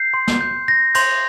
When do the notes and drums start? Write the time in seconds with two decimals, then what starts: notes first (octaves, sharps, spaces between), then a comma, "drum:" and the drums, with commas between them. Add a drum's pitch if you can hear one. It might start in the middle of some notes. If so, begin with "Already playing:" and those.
Already playing: G6 C7
0.14 C6
0.27 drum: snare
0.41 G6
0.68 G6 A#6
0.95 C6 G6, drum: cymbal